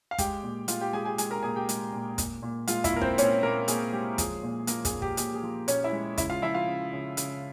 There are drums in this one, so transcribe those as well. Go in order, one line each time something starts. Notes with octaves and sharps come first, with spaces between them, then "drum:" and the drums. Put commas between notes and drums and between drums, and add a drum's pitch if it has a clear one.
F5
G#3 G4 G5, drum: kick, hi-hat
A#2
G#3 F4 F5, drum: hi-hat
G4 G5
G#3 G#4 G#5
G#4 G#5
G#3 G#4 G#5, drum: hi-hat
A#4 A#5
A#2 G#4 G#5
G4 G5
G#3, drum: hi-hat
A#2
A#2, drum: kick, hi-hat
A#2
G#3 F4 F5, drum: hi-hat
E4 E5, drum: kick, hi-hat
A#2 A#4
C4 C5, drum: kick
A#2 C#4 C#5, drum: hi-hat
A#2 A#3 A#4
A#2 G#4, drum: hi-hat
G#3 G4
F3 G#4, drum: kick, hi-hat
A#2
F3 A#3 A#4, drum: hi-hat
G#4, drum: kick, hi-hat
A#2
G4, drum: kick
A#2 G#4, drum: hi-hat
G#4
F3
A#2 C#4 C#5, drum: hi-hat
E4 E5
G#3
C#3 E4 E5, drum: kick, hi-hat
F4 F5
F3 E4 E5
F4 F5
C#3
C#3
C#3, drum: hi-hat